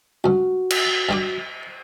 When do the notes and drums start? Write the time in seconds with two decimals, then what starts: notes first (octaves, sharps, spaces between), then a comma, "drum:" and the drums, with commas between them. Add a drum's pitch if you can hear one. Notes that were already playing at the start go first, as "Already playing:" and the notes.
0.24 C#2 G2 F#4
0.71 drum: cymbal
1.09 G2 G3 D6